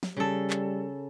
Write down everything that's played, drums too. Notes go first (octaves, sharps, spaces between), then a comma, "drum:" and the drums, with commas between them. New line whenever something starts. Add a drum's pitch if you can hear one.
drum: snare
C#3 G3 A4
drum: clap